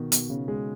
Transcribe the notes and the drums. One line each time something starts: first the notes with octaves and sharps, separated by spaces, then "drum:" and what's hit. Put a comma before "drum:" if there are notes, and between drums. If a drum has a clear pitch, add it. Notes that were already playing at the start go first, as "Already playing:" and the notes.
Already playing: B2 D#3
B2, drum: hi-hat
C#3
G#3